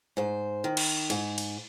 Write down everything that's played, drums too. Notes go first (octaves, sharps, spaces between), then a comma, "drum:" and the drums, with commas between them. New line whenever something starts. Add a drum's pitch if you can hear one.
G#2 C5
D#3
drum: cymbal
G#2, drum: cymbal
drum: cymbal